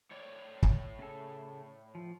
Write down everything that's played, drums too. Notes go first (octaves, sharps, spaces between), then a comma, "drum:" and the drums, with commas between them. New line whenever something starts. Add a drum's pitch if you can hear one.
A2 C#5 D5
drum: kick
C#3 A4
F3